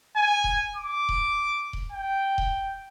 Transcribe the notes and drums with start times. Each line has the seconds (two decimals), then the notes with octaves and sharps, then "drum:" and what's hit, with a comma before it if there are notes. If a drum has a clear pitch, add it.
0.16 G#5
0.44 drum: kick D#1
0.76 D6
1.09 drum: kick D#1
1.73 drum: kick D#1
1.92 G5
2.38 drum: kick D#1